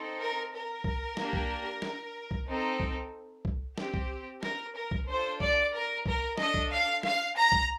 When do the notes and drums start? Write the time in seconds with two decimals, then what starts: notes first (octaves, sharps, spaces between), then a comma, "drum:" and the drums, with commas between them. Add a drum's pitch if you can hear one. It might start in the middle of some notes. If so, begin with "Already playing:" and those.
Already playing: C4 D#4 A4
0.19 A#4
0.52 A#4
0.84 drum: kick C2
1.17 A#3 D4 G4, drum: snare
1.33 drum: kick C2
1.82 drum: snare
2.31 drum: kick C2
2.47 C4 D#4 A4
2.80 drum: kick C2
3.45 drum: kick C2
3.78 C4 G4, drum: snare
3.94 drum: kick C2
4.43 A#4, drum: snare
4.75 A#4
4.91 drum: kick C2
5.07 D4 F4 A4 C5
5.40 D5, drum: kick C2
5.73 A#4
6.06 A#4, drum: kick C2
6.38 D4 A4 D#5, drum: snare
6.54 drum: kick C2
6.70 F5
7.03 F5, drum: snare
7.36 A#5
7.52 drum: kick C2